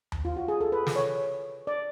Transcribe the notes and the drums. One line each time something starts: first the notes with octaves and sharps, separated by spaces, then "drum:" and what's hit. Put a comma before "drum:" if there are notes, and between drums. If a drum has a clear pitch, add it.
drum: tom D#2
F4
F#4
G#4
A4
B4
drum: snare
C#5
D5